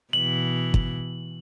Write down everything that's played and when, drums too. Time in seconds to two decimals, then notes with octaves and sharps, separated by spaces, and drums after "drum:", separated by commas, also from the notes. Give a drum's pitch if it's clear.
0.13 B2 E3 F#7
0.74 drum: kick